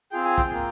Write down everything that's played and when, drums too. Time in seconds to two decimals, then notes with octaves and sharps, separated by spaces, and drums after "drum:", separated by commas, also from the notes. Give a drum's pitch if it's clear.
0.12 C4 F4 G#4 G5
0.24 G#5
0.38 G5, drum: kick
0.48 A#3 F4 G#4